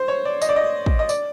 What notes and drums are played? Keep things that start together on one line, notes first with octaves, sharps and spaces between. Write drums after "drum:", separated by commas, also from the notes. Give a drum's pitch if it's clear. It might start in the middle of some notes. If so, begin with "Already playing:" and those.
Already playing: C5
C#5
D5
D#5, drum: tambourine
D5
D#5
drum: kick
D#5
D5, drum: tambourine